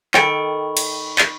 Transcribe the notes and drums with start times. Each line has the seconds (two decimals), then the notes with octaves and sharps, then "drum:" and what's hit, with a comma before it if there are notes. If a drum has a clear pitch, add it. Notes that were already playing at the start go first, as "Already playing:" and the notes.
0.14 D#3 A4 G5 B5 C#6, drum: clap
0.77 drum: cymbal
1.18 drum: clap